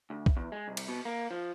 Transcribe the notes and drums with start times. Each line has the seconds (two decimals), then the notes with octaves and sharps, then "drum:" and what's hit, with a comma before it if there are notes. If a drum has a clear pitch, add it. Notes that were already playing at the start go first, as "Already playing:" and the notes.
0.10 D2
0.26 drum: kick
0.37 E2
0.52 G#3
0.68 C2
0.77 drum: cymbal
0.88 B2
1.05 A#3
1.31 F3